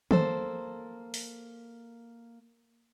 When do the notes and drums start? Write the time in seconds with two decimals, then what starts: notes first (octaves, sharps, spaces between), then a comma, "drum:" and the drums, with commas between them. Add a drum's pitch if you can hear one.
0.11 A#3 A4 C5, drum: tom D#3
1.14 drum: open hi-hat